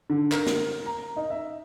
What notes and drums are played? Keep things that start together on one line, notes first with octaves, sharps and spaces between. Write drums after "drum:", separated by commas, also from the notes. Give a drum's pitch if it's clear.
D3
A#4, drum: clap
drum: snare
A#5
D#4
E5